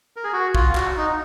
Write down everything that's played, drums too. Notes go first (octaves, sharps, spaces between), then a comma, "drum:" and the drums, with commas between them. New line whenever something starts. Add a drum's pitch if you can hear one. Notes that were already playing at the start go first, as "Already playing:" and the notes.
A#4
G#4
F#4
F4, drum: kick
F#4, drum: clap
D#4